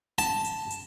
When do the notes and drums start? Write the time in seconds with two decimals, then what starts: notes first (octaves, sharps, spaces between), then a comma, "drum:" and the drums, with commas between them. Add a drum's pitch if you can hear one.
0.18 A5, drum: snare
0.44 drum: hi-hat
0.70 drum: hi-hat